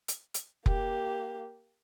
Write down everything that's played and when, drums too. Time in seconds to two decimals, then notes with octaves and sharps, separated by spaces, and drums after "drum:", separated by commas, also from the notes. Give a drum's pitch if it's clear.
0.08 drum: hi-hat
0.34 drum: hi-hat
0.66 A#3 G4, drum: kick F1